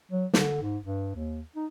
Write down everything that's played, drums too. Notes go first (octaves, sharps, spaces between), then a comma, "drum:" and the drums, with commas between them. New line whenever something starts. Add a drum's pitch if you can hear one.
F#3
D3, drum: snare
G#2
G2
D#2
D#4